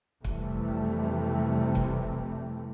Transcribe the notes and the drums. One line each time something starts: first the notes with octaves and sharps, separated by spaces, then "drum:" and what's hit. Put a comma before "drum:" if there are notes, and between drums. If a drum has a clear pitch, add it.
F2 C3 E3 G3 A3, drum: kick
drum: kick